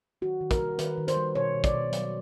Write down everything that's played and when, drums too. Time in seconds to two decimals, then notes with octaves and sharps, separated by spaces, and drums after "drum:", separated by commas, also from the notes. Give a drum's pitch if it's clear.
0.22 D#3 F#4
0.41 D#3
0.51 A#4, drum: kick, hi-hat
0.61 G3
0.79 D#3 B4, drum: hi-hat
0.98 D#3
1.08 C5, drum: hi-hat
1.17 G3
1.35 B2 C#5
1.55 B2
1.64 D5, drum: kick, hi-hat
1.73 B2
1.92 F#3, drum: hi-hat